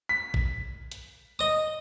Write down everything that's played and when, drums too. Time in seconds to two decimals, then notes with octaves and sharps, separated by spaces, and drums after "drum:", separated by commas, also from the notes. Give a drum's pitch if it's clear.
0.09 B6
0.34 drum: kick
0.92 drum: hi-hat
1.39 D#5 D#6